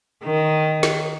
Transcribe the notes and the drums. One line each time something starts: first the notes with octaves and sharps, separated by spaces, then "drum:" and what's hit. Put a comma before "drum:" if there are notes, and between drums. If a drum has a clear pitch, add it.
D#3
drum: snare